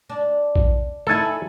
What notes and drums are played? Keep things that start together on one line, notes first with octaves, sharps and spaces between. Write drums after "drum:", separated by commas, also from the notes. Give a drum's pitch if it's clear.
D4
drum: kick A#1
A3 D#4 E4 A4 G#5